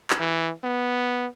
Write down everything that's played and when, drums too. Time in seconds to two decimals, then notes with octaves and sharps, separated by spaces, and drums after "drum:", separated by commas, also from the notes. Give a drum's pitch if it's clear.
0.10 drum: clap
0.20 E3
0.64 B3